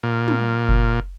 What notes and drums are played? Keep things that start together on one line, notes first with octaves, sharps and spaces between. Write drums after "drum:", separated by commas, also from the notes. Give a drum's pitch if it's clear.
A#2
drum: tom
drum: kick F#1